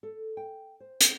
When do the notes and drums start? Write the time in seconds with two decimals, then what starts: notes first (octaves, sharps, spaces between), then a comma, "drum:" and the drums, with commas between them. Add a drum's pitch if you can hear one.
0.03 A4
0.37 G5
0.80 C5
1.01 drum: hi-hat